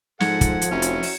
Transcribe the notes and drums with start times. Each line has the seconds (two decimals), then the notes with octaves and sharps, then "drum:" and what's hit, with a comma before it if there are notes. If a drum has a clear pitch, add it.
0.20 G#2 F3 A4 F#5 G#6 C#7, drum: snare
0.41 drum: kick, hi-hat
0.62 drum: hi-hat
0.71 F1 F#3 C#4 E4
0.82 drum: hi-hat
1.03 drum: open hi-hat